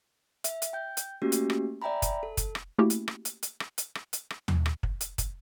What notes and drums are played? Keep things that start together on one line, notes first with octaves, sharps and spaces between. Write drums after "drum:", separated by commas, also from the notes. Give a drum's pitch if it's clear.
E5, drum: hi-hat
drum: hi-hat
G5 G6
drum: hi-hat
A3 A#3 C#4 F#4 G4
drum: hi-hat
drum: rim click
D5 E5 G5 G#5 A#5 B5
drum: kick, hi-hat
A4
drum: kick, hi-hat
drum: rim click
A3 A#3 C#4 E4 F#4 G4
drum: hi-hat
drum: rim click
drum: hi-hat
drum: hi-hat
drum: rim click
drum: hi-hat
drum: rim click
drum: hi-hat
drum: rim click
drum: tom D#2
drum: rim click
drum: kick
drum: hi-hat
drum: kick, hi-hat